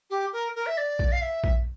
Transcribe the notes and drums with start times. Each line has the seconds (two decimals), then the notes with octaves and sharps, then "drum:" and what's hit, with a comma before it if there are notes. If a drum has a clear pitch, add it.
0.10 G4
0.33 A#4
0.55 A#4
0.66 E5
0.77 D5
0.99 drum: kick A#1
1.12 F5
1.22 E5
1.44 drum: kick A#1